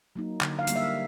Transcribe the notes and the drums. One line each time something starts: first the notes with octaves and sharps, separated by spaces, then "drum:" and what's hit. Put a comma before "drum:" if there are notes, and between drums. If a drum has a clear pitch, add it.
F#3 A#3 D#4
D3, drum: clap
F5
G3 A#3, drum: hi-hat
E5